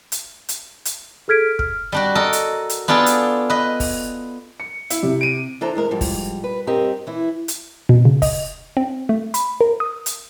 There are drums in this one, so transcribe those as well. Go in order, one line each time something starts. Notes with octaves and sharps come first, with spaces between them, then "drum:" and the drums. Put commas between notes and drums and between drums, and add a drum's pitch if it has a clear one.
drum: hi-hat
drum: hi-hat
drum: hi-hat
G#4 A4 F6 G#6 B6 D7
F6, drum: kick
G3 D4 F#4
A4 A#4 D#5
drum: hi-hat
drum: hi-hat
B3 D4 F4 G#4 A4 B4
drum: hi-hat
B4 D#5
drum: kick, open hi-hat
C#7
E4, drum: hi-hat
C3
D7 D#7
E3 D4 A4 C5 A#5
E3 G#3 A#4
G#2 F3 G3
drum: kick, open hi-hat
B4
G2 C4 G4 A#4 D#5
E3 E4
drum: hi-hat
B2
C#3
D#5, drum: kick, open hi-hat
C4
A3
B5, drum: hi-hat
A#4
D#6
drum: hi-hat